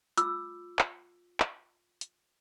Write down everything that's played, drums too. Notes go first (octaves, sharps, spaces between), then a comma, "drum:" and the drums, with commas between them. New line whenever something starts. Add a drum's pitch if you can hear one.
F4 D6 E6, drum: hi-hat
drum: clap
drum: clap
drum: hi-hat